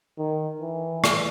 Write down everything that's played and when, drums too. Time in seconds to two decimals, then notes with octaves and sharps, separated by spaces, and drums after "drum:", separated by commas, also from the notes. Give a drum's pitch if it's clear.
0.18 D#3
0.61 E3
1.04 drum: rim click